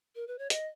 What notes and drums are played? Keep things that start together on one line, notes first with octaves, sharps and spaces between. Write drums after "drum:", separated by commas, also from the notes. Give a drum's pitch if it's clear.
A#4
B4
C#5
D#5, drum: hi-hat